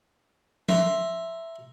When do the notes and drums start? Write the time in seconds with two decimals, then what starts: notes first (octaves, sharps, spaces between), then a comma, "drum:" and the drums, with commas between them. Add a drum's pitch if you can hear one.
0.69 E5 A#5 C6, drum: tom F3